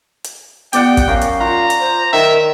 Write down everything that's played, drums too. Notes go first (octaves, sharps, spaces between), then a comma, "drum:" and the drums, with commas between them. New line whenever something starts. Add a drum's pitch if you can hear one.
drum: hi-hat
B3 G4 D5 F#5 G5, drum: hi-hat
drum: kick, hi-hat
F#2 F5
drum: hi-hat
F4 A#5
drum: hi-hat
C5
D#3 A#4 E5